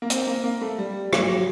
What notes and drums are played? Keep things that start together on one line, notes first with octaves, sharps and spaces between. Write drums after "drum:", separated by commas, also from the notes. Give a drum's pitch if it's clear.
A#3
C4, drum: hi-hat
A#3
A#3
A3
G3
F#3, drum: rim click
F#3